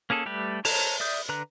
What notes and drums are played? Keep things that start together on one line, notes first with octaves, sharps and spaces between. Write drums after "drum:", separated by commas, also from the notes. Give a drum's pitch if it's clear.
A#3 C#4 G#4 A4
G3 A3 G4 B4
C5 C#5 A5 A#5, drum: open hi-hat
D5 E5 D#6 G6
D3 B4 A#5 F#6